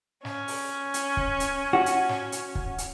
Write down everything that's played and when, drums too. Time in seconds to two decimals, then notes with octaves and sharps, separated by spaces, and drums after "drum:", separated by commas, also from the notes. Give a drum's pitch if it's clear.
0.25 C#4, drum: snare
0.48 drum: open hi-hat
0.94 drum: hi-hat
1.17 drum: kick
1.40 drum: hi-hat
1.73 F#4
1.86 drum: hi-hat
2.09 drum: snare
2.32 drum: hi-hat
2.55 drum: kick
2.78 drum: hi-hat